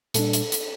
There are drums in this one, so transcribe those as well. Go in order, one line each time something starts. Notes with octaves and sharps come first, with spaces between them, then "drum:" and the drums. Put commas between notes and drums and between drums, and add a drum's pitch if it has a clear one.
A#2 G3 D4 A4, drum: hi-hat
drum: hi-hat
drum: hi-hat